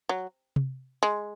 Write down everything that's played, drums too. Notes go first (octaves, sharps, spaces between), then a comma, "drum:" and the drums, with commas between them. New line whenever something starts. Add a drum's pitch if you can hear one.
F#3
drum: tom C3
G#3